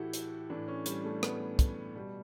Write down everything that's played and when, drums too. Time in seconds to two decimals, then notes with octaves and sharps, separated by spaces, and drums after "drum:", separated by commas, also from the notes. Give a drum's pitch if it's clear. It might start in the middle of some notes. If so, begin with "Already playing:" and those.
Already playing: A2 E3 E4 F#4 G4 A4
0.13 drum: hi-hat
0.50 A2 E3 D4
0.68 C#4
0.86 G3, drum: hi-hat
1.05 A3
1.23 B3, drum: rim click
1.59 drum: kick, hi-hat
1.95 B2 G3